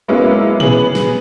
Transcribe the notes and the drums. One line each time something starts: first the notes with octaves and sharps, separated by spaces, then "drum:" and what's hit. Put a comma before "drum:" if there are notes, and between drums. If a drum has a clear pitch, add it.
F#3 G#3 A#3 B3 C#4 E4
B3 C#4 G#4 F#7, drum: tom A#2
drum: snare